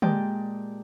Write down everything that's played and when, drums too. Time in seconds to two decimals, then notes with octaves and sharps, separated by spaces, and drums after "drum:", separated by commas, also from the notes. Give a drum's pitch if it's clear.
0.02 A#2 G#3 G4 D5 G5 A5, drum: tom